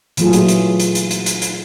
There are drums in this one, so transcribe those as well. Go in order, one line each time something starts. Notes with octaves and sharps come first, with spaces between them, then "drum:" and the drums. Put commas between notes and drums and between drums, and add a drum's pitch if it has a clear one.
A#2 E3 F#3 A3 F4 G#4, drum: hi-hat
drum: hi-hat
drum: hi-hat
drum: hi-hat
drum: hi-hat
drum: hi-hat
drum: hi-hat
drum: hi-hat